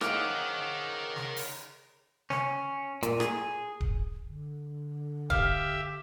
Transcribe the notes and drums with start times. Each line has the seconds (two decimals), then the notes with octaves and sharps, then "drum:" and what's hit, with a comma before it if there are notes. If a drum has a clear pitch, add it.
0.01 G#2 C#3 D#4 A#4 G5 D6 F6 F#6, drum: rim click
1.16 drum: snare
1.37 drum: open hi-hat
2.30 C#4, drum: snare
3.03 A#2, drum: hi-hat
3.20 G#4, drum: rim click
3.80 drum: kick D1
4.28 D3
5.30 G4 E5 F5, drum: kick D1